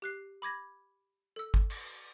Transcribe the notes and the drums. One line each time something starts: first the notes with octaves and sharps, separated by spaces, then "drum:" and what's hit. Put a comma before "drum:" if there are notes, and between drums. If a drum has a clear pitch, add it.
G4 F#6 C7
B5 D6 G#6 A#6
A4 E6
drum: kick
drum: cymbal